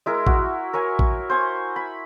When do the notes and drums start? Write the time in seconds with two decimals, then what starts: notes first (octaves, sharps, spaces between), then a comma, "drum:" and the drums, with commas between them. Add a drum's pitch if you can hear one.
0.06 G#3 E4 A#4
0.27 F#4, drum: kick
0.73 A#4 C#5 G#5
0.99 drum: kick
1.30 C5 G#5 C#6
1.76 B5